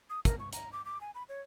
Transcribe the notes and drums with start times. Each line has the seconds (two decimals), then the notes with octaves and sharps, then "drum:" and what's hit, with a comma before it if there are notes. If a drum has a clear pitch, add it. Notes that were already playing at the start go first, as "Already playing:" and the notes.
0.10 D#6
0.25 A#4, drum: kick, hi-hat
0.39 C#6
0.53 A#5, drum: hi-hat
0.73 D6
0.85 D6
1.01 G#5
1.15 B5
1.29 C#5